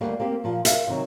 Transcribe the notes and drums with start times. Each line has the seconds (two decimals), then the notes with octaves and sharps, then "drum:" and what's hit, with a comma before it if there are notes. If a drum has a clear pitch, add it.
0.01 D2 G3 A#3
0.20 A#3 C4 G4
0.44 A#2 F3
0.65 A#4 E5 F5, drum: hi-hat
0.87 C3 D#3 F#3